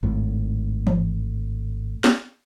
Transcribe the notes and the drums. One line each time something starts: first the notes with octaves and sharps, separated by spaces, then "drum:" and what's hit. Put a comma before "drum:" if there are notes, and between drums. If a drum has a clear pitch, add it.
G#1 A2
drum: tom E3
drum: snare